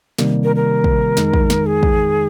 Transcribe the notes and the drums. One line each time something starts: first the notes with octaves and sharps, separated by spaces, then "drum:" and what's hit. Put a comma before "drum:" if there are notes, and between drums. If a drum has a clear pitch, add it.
C3 D#3 G3 A#3, drum: snare
A#4
A#4
drum: kick
F2 D#3 G#3 D#4, drum: snare
drum: kick
drum: snare
G#4
drum: kick